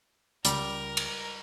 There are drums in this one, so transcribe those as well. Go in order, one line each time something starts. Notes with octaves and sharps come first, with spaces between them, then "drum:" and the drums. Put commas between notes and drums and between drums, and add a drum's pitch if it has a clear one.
C#2 G3 A#4, drum: hi-hat
drum: cymbal